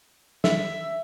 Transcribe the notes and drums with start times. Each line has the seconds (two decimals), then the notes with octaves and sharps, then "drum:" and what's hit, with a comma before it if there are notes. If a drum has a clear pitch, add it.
0.44 E5, drum: snare